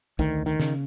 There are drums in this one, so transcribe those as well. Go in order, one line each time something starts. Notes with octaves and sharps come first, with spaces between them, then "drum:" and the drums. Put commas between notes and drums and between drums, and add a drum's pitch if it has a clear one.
D2 D#3, drum: kick
D#3
C#3, drum: snare